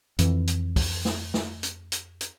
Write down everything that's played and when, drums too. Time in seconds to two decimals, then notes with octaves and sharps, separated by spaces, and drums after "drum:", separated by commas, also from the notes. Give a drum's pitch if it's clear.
0.19 F2 E3, drum: hi-hat
0.47 drum: hi-hat
0.76 drum: kick, open hi-hat
1.05 drum: snare
1.34 drum: snare
1.63 drum: hi-hat
1.92 drum: hi-hat
2.21 drum: hi-hat